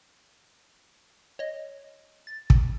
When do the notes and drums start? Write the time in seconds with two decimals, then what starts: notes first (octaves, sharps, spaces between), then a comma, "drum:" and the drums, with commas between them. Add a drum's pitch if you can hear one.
1.39 C#5 D#5
2.27 A6
2.50 drum: kick